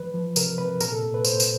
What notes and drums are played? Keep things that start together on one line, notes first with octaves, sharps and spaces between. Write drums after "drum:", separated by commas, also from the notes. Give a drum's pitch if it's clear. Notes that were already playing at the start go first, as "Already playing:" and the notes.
Already playing: E3 F3 B4
F3
C3 A#4, drum: tambourine
C3 B4
A#2 A#4, drum: tambourine
A4
A#2
B4
A#2 C5, drum: tambourine
drum: tambourine